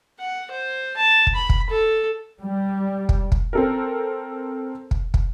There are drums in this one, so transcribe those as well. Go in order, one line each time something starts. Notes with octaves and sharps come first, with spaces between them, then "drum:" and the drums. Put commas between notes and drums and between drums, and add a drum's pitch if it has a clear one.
F#5
C5
A5
drum: kick
B5
drum: kick
A4
G3
drum: kick
drum: kick
C4 A4 A#4
drum: kick
drum: kick